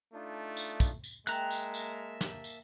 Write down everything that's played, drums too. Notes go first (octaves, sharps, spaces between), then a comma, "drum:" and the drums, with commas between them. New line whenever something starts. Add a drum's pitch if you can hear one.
A3 D4 D#4 F4
drum: tambourine
drum: kick, tambourine
drum: tambourine
G#3 A#3 E5 G5 A5 A#5 F#6, drum: tambourine
drum: tambourine
drum: tambourine
drum: snare
drum: tambourine